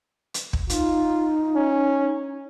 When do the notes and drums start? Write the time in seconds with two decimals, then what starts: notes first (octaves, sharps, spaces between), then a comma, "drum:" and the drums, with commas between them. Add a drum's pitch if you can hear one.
0.34 drum: hi-hat
0.53 drum: kick
0.70 D#4 F4, drum: hi-hat
1.55 C#4